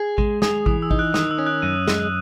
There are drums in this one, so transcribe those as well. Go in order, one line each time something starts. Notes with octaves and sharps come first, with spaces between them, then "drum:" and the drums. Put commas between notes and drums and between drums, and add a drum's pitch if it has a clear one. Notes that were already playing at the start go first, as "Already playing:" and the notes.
Already playing: G#4
G#3, drum: kick A1
G#4 D#6, drum: snare
E3 D#6, drum: kick A1
E6
D#4, drum: kick A1
F#6
D#3 D#6, drum: snare
E6
C#4
F#6
F#2 D#7
G#3, drum: snare